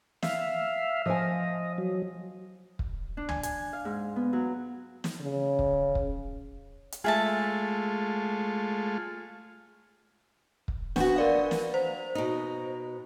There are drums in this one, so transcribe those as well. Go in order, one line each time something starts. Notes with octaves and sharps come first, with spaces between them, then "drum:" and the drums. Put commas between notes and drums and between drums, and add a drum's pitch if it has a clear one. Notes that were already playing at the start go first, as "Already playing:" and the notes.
E5 F5, drum: snare
F3 D#5 G#5
F#3
drum: kick
D4
G#5, drum: tom
G#5, drum: hi-hat
F5
G#2
B3
F#3
drum: snare
C#3
drum: kick
drum: kick
drum: hi-hat
G#3 A3 F4 G#4 E5 A5
drum: kick
B3 D4 F#4, drum: snare
A#4 D5 F5
drum: snare
C5
B2 D#4